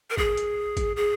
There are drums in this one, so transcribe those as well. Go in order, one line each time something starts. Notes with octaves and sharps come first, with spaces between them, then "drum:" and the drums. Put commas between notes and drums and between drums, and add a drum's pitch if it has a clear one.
A#4
G#4, drum: kick
drum: hi-hat
drum: kick, hi-hat
G#4